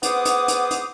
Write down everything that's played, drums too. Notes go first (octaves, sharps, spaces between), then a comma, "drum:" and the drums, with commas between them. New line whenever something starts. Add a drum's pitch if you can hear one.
B3 G#4 C5 F#5 D6 D#6, drum: hi-hat
drum: hi-hat
drum: hi-hat
drum: hi-hat